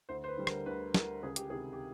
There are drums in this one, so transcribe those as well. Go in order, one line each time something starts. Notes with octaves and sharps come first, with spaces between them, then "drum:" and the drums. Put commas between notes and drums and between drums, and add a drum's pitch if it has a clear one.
D2 C5
C5
B4
D3 G3
A#4, drum: rim click
D2 B4
D3 G3 A#4, drum: snare
C#2 G#4
G4, drum: hi-hat
C3 D#3 G#4
G4